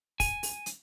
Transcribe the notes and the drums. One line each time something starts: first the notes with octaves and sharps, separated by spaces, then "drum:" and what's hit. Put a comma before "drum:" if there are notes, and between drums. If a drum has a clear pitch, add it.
G#5, drum: kick, open hi-hat
drum: open hi-hat
drum: hi-hat